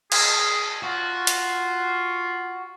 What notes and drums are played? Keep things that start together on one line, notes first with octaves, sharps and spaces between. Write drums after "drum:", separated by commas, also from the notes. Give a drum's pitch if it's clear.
G#4, drum: cymbal
F4 F#4
drum: hi-hat